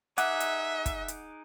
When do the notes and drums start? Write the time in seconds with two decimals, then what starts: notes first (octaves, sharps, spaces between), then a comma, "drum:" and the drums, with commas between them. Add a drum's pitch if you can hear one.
0.18 D#4 G#4 E5 F#5 D6 F#6, drum: hi-hat
0.40 drum: hi-hat
0.86 drum: kick, hi-hat
1.08 drum: hi-hat